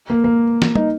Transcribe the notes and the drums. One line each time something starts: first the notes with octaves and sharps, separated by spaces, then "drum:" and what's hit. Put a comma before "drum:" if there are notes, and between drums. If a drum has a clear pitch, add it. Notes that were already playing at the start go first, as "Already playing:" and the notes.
A#3
A#3
drum: snare
D#4, drum: tom